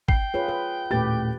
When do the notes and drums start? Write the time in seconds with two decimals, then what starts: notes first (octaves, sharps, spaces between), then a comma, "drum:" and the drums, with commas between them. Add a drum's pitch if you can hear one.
0.08 G5 C7, drum: kick
0.34 F4 G#4 B4 C#5
0.48 B4
0.91 D#1 A2 G4 B4 A6